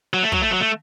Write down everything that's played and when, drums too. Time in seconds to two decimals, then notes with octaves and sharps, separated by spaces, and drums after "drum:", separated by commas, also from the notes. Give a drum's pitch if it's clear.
0.14 F#3
0.23 A3
0.32 F#3, drum: kick
0.42 A3
0.51 F#3
0.61 A3